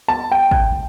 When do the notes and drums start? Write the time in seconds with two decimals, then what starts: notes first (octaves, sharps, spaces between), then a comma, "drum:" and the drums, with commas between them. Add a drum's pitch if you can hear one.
0.08 A5
0.32 G5
0.51 drum: kick